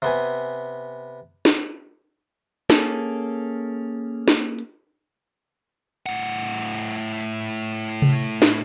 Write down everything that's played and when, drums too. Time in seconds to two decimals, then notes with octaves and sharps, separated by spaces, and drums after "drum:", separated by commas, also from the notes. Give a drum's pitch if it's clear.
0.02 C3 B3 G#5
1.45 drum: snare
2.70 A#3 C#4 G#4 A4, drum: snare
4.28 drum: snare
4.59 drum: hi-hat
6.06 A2 F#5, drum: open hi-hat
8.02 drum: tom C3
8.42 drum: snare